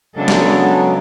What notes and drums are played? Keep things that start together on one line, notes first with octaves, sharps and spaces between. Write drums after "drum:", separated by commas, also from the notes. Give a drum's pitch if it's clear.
C#3 F#3 G#3 B3 D4 A4
drum: snare